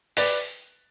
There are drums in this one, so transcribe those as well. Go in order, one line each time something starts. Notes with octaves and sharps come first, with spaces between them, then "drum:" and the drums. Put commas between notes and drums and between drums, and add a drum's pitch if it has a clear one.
B4 D5, drum: open hi-hat